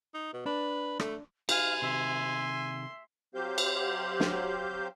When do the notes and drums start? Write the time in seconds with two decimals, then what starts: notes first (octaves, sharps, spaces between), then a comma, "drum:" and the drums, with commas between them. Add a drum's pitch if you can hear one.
0.14 D#4
0.33 B2
0.46 D4 B4
0.99 A3, drum: rim click
1.49 D#4 F5 G#5, drum: cymbal
1.82 C3 D#3 E5 C6
3.35 F#3 C4 G4 C5 F5 G6
3.58 drum: cymbal
4.20 drum: snare